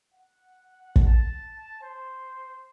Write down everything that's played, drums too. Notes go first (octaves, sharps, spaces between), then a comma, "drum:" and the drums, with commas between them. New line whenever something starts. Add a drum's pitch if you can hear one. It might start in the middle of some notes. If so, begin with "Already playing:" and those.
F#5
drum: kick
A5
C5